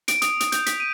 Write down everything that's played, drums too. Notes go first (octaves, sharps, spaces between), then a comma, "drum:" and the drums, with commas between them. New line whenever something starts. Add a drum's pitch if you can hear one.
D7, drum: hi-hat
D#6, drum: hi-hat
D#6, drum: hi-hat
G6, drum: hi-hat
B6, drum: hi-hat
D#7